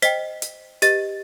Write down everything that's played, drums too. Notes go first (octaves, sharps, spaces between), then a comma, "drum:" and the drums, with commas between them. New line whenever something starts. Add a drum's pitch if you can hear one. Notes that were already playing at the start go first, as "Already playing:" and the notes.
C5 D#5 G5 B6, drum: hi-hat
drum: hi-hat
G4 B4 D#5 A6, drum: hi-hat